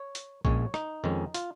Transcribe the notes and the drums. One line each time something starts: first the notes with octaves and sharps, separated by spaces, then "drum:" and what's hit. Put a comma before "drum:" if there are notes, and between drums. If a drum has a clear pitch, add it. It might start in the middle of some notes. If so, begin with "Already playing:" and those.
Already playing: C#5
drum: hi-hat
A#1 A#2 G#3 C#4 C#5, drum: kick A#1
D#4, drum: rim click
F2 D#3 G#3 C#4
F4, drum: hi-hat